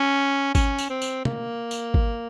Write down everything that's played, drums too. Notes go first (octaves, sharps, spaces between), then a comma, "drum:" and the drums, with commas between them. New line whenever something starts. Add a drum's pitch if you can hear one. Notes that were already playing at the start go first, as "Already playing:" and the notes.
Already playing: C#4
C#4, drum: kick G#1, tambourine
drum: tambourine
C4
drum: tambourine
A#3, drum: tom
drum: tambourine
drum: kick G#1